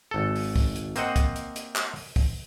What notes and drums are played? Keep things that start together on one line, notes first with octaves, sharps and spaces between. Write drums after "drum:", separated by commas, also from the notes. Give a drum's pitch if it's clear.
G#1 A4
drum: open hi-hat
drum: kick, open hi-hat
drum: hi-hat
A#3 C4 C5 D#5 F#5, drum: hi-hat
drum: kick, hi-hat
drum: hi-hat
drum: hi-hat
drum: clap
drum: open hi-hat
drum: kick, open hi-hat